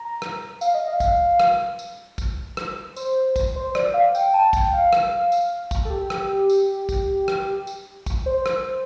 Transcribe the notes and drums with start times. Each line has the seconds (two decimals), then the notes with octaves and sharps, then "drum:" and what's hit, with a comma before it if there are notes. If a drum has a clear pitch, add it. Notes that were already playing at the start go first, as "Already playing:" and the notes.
Already playing: A#5
0.22 drum: rim click
0.61 F5, drum: tambourine
0.74 D#5
0.88 F5
1.00 drum: kick, tambourine
1.40 drum: rim click
1.79 drum: tambourine
2.18 drum: kick, tambourine
2.57 drum: rim click
2.96 C5, drum: tambourine
3.36 drum: kick, tambourine
3.56 C5
3.75 D5, drum: rim click
3.94 F5
4.15 G5, drum: tambourine
4.34 A5
4.53 G5, drum: kick, tambourine
4.73 F5
4.93 drum: rim click
5.32 drum: tambourine
5.71 drum: kick, tambourine
5.85 A4
5.90 G4
6.10 drum: rim click
6.50 drum: tambourine
6.89 drum: kick, tambourine
7.28 drum: rim click
7.67 drum: tambourine
8.06 drum: kick, tambourine
8.26 C5
8.46 drum: rim click